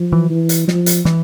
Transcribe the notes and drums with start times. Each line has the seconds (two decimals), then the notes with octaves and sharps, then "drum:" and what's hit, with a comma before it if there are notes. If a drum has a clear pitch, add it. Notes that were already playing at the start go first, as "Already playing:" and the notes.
Already playing: F3
0.12 E3
0.30 E3
0.49 drum: hi-hat
0.68 F3, drum: snare
0.86 drum: hi-hat
1.05 E3, drum: snare